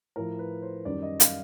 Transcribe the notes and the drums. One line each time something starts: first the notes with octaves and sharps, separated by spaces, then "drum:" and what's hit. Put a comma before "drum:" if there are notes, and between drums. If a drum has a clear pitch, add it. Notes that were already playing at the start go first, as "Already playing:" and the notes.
A2 F3 A#4
B4
C5
F#2 D#3 G3 D5
D#5
F5, drum: hi-hat